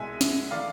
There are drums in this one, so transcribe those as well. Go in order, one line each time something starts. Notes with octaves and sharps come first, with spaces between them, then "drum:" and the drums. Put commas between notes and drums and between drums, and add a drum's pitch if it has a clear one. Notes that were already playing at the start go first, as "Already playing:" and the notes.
Already playing: C2 B2 G#3 E5 G#5
drum: snare
E3 A3 D5 F5